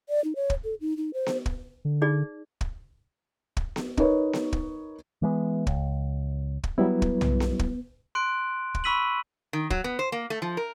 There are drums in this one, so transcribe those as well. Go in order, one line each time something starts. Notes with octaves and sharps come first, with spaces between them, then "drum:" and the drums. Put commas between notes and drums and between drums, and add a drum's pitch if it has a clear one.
D5
D#4
C#5
drum: kick
A4
D#4
D#4
C5
drum: snare B3
drum: kick
D3
D#4 G#4 D5
drum: kick
drum: kick
drum: snare B3
D#4 A#4 B4 C#5, drum: kick
drum: snare B3
drum: kick
E3 G#3 B3
C#2, drum: kick
drum: kick
F#3 G3 B3 E4
drum: kick
drum: tom
drum: snare B3
drum: kick
C6 F#6 D7
drum: kick
B5 C#6 E6 B6 D#7 F#7
D#3
F#3, drum: kick
B3
C5
A#3
A3
F3
A#4